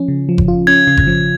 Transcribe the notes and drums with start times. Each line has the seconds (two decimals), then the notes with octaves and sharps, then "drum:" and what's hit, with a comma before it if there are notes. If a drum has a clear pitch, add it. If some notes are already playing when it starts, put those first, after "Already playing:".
Already playing: F3 C#4
0.08 C#3
0.29 F3
0.38 drum: kick F#1
0.48 F4
0.67 C#4 G#6
0.87 C#3
0.97 drum: kick F#1
1.07 F3